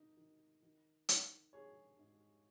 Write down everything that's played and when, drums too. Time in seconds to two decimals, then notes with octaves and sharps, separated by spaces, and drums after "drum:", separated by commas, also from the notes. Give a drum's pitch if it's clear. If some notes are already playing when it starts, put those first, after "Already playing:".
Already playing: D#3 D#4
0.17 D#3
0.62 D#3
1.09 D#3, drum: hi-hat
1.53 D#3 G#4 C#5
1.99 G#2